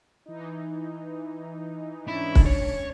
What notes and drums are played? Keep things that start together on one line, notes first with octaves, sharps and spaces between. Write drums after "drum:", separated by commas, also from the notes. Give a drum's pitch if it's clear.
E3 D#4
G#2 C#4 D4 E4
drum: kick
C#5